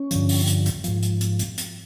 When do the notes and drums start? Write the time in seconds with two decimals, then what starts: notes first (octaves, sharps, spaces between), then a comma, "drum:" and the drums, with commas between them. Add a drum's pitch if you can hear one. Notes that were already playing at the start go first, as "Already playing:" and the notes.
Already playing: C#4
0.11 G2 D3 F3, drum: hi-hat
0.29 drum: open hi-hat
0.47 drum: hi-hat
0.66 drum: hi-hat
0.84 G#2 F3, drum: hi-hat
1.03 drum: hi-hat
1.21 drum: hi-hat
1.39 drum: hi-hat
1.58 drum: hi-hat